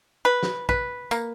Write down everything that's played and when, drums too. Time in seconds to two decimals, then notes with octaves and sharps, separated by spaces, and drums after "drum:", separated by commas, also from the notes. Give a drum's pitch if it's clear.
0.25 B4
0.43 drum: snare
0.69 B4, drum: kick
1.11 A#3, drum: tambourine